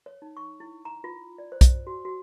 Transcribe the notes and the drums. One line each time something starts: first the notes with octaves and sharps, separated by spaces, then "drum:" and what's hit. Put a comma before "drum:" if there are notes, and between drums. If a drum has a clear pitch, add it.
C#5
D#4
C#6
E4
A#5
F4
D5
C5
drum: kick, hi-hat
F#4
F#4